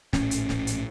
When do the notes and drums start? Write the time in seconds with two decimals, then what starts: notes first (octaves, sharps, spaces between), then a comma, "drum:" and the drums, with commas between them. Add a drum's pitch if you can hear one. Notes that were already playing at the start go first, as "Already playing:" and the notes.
0.13 A#1 A2 C#4, drum: snare
0.31 drum: hi-hat
0.49 drum: snare
0.67 drum: hi-hat